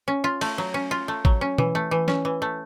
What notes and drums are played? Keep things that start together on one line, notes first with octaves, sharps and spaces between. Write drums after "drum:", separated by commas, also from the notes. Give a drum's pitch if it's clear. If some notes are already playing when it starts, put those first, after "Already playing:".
C#4
F4
A3, drum: cymbal
F#3
C#4
F4
A3
F#3, drum: kick A1
C#4
E3, drum: tom
A3
E3
C#4, drum: snare
E3
A3